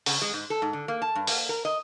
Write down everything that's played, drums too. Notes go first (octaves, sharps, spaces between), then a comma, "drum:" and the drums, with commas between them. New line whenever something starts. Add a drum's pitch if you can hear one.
C#3, drum: open hi-hat
G#3
G#2
A4
G#2
D3
A#3
A5
G2
A#3, drum: open hi-hat
A#4
D#5